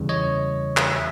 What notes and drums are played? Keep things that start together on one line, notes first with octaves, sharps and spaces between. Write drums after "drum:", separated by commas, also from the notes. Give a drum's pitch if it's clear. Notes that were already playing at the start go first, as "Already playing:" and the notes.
Already playing: E2 C#3 E3 G3
C#5 D#5
drum: clap
E5